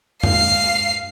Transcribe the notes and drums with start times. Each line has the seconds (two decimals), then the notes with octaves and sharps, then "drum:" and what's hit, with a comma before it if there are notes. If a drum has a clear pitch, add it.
0.23 F5 C7, drum: tom F#2